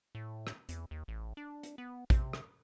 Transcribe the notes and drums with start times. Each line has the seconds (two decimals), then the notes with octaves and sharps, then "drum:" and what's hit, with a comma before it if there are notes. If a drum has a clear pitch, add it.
0.15 A2
0.47 drum: rim click
0.69 E2, drum: hi-hat
0.91 D#2
1.08 A1
1.37 D4
1.63 drum: hi-hat
1.78 B3
2.10 C3, drum: kick, hi-hat
2.33 drum: rim click